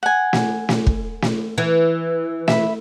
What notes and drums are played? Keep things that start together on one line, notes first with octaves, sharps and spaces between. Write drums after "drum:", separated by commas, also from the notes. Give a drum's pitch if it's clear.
F#5 G#5
drum: snare
drum: snare
drum: kick
drum: snare
E3
E5 B5, drum: snare